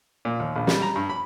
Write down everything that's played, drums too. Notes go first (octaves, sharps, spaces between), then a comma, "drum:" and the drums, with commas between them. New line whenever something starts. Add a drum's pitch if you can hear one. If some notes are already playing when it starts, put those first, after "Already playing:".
A#2
D#2
A#1
G3, drum: snare
A#5
G2
B5